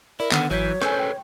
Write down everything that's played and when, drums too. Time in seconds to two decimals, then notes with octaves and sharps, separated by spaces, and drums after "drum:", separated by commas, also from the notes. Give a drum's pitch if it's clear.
0.20 E4 A#4 D5
0.32 D3 D#3 B3 F#5, drum: clap
0.51 G#1 E3 F#3 C#5 G6 B6
0.82 C#4 A4 B4 C5 G#5 E6 G6, drum: rim click
0.99 G5